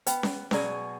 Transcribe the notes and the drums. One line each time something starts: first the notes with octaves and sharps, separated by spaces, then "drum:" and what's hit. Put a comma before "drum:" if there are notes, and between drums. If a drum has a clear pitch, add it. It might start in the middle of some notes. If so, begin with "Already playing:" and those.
B3 B4 G5, drum: hi-hat
drum: snare C#4
B2 F#3 G#4 B4 D5, drum: snare C#4